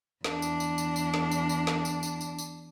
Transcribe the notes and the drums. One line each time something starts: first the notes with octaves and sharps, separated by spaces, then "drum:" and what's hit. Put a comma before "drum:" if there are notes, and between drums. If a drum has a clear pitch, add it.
E2 D4, drum: snare
drum: tambourine
drum: tambourine
drum: tambourine
drum: tambourine
drum: snare
drum: tambourine
drum: tambourine
drum: snare
drum: tambourine
drum: tambourine
drum: tambourine
drum: tambourine